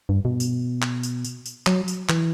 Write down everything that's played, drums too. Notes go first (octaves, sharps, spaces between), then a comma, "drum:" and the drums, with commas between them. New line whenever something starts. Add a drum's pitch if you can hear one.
G2
B2
drum: tambourine
drum: clap
drum: tambourine
drum: tambourine
drum: tambourine
F#3, drum: clap
drum: tambourine
E3, drum: clap